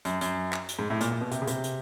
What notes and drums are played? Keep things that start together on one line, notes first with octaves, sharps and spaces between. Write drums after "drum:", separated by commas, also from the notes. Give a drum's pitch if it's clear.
F#2, drum: hi-hat
F#2, drum: hi-hat
drum: clap
drum: hi-hat
G#2
A2
A#2, drum: hi-hat
A#2
B2
C3, drum: hi-hat
C#3
C3, drum: hi-hat
drum: hi-hat